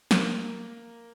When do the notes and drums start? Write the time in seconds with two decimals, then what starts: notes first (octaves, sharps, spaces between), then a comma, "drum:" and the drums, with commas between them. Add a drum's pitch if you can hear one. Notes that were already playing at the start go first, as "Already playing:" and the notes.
0.11 A#3, drum: snare